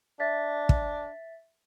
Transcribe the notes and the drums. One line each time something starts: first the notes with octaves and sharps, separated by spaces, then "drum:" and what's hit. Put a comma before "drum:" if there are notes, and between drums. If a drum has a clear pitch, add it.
D4 E5 A6 B6
drum: kick